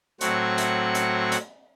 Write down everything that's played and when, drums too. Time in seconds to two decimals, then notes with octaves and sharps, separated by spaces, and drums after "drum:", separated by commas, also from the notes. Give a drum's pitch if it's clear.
0.21 A2 F#3 C4 F#5 C#6, drum: hi-hat
0.58 drum: hi-hat
0.95 drum: hi-hat
1.32 drum: hi-hat